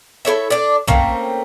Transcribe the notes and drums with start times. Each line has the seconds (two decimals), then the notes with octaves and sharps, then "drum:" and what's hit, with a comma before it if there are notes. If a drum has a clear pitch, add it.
0.25 E4 A4 C#5 E5
0.50 D4 D5
0.88 A3 A#3 C4 C#4, drum: tom